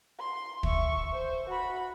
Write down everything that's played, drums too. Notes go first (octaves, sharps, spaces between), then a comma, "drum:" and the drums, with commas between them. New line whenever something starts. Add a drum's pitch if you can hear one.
C6
E5 C#6, drum: kick
C5
F#4 B5